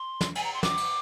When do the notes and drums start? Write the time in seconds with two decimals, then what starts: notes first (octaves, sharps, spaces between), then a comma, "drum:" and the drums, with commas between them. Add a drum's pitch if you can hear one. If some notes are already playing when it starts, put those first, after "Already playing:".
Already playing: C6
0.21 drum: snare
0.35 G#5, drum: cymbal
0.44 A#5
0.54 C6
0.63 D6, drum: snare
0.77 drum: cymbal